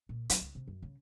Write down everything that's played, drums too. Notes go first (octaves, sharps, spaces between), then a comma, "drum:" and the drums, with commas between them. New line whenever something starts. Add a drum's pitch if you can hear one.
A#2
F#3, drum: hi-hat
C#2
C3
F#2
C#3